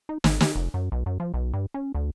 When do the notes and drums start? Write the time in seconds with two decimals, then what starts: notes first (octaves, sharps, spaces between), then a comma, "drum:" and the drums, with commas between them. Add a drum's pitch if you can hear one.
0.09 D#4
0.24 G#1, drum: snare
0.41 G4, drum: snare
0.55 F1
0.74 F#2
0.92 B1
1.06 F#2
1.20 F3
1.34 B1
1.54 G2
1.74 C#4
1.95 D2